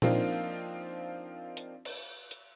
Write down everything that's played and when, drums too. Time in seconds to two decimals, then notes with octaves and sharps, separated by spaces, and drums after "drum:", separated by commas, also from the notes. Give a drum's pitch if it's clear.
0.02 F3 A#3 C4 D4 D#4 F4, drum: tom A#2
1.57 drum: hi-hat
1.85 drum: cymbal
2.31 drum: hi-hat